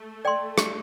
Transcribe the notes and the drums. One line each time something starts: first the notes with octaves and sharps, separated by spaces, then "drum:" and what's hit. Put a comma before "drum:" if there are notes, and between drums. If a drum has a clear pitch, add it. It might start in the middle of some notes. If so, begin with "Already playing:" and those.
Already playing: A3
D5 G5 C6
G4, drum: rim click